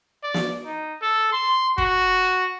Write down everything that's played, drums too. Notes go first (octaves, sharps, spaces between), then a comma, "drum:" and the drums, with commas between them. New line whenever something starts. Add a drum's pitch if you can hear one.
D5
drum: snare
D#4
A4
C6
F#4, drum: kick